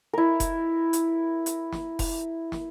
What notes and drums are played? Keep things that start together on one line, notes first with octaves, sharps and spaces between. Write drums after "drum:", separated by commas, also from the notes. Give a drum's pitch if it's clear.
E4 A#4
drum: kick F1, hi-hat
drum: hi-hat
drum: hi-hat
drum: snare
drum: kick F1, open hi-hat
drum: snare